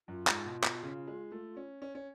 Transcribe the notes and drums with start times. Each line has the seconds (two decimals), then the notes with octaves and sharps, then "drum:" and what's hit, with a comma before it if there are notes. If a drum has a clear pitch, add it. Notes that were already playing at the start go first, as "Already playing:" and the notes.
0.08 F#2 F4
0.27 G#2, drum: clap
0.45 B2
0.64 B2, drum: clap
0.83 C#3
1.07 G#3
1.32 A3
1.57 C#4
1.82 C#4
1.95 C#4